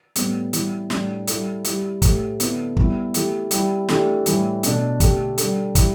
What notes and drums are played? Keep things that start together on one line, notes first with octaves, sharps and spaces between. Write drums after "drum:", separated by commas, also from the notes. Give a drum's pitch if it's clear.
A2 G3 B3, drum: hi-hat
E3 G3 E4, drum: hi-hat
A2 G3 D4, drum: snare
G3 E4 A4, drum: hi-hat
G3 E4 G4, drum: hi-hat
A2 A3 G4, drum: kick, hi-hat
D3 B3 E4 A4, drum: hi-hat
G3 B3 E4, drum: kick
E3 A3 E4 G4, drum: hi-hat
G3 E4 G4, drum: hi-hat
E3 A3 D4 G4, drum: snare
A2 E3 G3, drum: hi-hat
B2 A3 D4 A4, drum: hi-hat
D3 A3 G4, drum: kick, hi-hat
G3 D4 A4, drum: hi-hat
G3 E4 G4, drum: kick, hi-hat